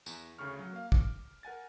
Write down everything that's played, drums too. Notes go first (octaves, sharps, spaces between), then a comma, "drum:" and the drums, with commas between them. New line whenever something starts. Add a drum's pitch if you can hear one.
E2, drum: tambourine
D2 C#3 G#4 C#6 F6
F#3
A#3 F5
D6, drum: kick
A#4 F#5 G#5 A6